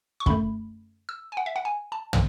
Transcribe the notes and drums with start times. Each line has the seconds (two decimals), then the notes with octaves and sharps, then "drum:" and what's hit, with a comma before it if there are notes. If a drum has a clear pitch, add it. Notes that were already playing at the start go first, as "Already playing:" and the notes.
0.20 C#6
0.26 F#2 D3 A3 B5, drum: kick
1.09 E6
1.32 G#5
1.37 F#5
1.46 E5
1.56 F#5
1.65 G#5
1.92 A5
2.13 drum: tom